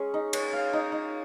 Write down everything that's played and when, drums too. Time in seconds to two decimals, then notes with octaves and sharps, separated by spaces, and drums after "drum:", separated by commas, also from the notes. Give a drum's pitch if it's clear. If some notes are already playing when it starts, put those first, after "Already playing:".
Already playing: G#3 C#4 G#4
0.14 D#4
0.33 C#5, drum: cymbal
0.53 F5
0.73 D#4
0.92 D#4